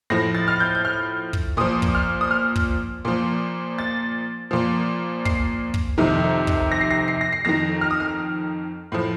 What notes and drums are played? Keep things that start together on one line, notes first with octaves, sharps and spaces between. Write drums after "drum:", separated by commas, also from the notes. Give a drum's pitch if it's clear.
A2 F3 A#6
A6
F6
G6
G6
F6
drum: kick
A#2 F3 D#6
drum: kick
F6
D#6
F6
drum: kick
A#2 F3
A6
A#2 F3
C7, drum: kick
drum: kick
F2 C3 D#3
drum: kick
A#6
C7
A#6
C7
A#6
C7
F2 D#3 A#6
F6
D#6
F6
A2 F3